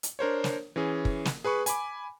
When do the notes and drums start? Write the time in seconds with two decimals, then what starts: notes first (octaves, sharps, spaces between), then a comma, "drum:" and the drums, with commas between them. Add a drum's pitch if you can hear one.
0.03 drum: hi-hat
0.19 D4 A#4 C5 C#5
0.44 drum: snare
0.76 E3 C#4 G#4
1.05 drum: kick
1.25 drum: snare
1.44 G#4 B4 B5 C#6
1.66 G#5 B5 D6, drum: hi-hat